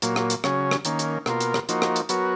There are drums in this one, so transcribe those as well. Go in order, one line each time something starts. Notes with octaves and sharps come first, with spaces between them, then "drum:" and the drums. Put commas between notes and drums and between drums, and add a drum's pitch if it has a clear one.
A#2 F#3 A#3, drum: hi-hat
drum: rim click
drum: hi-hat
C#3 F#3 C#4, drum: rim click
drum: rim click
D#3 A#3 C#4, drum: hi-hat
drum: hi-hat
B2 A#3 F4 A#4, drum: rim click
drum: hi-hat
drum: rim click
F3 A#3 D#4 F#4, drum: hi-hat
drum: rim click
drum: hi-hat
F#3 B3 F#4 A#4, drum: hi-hat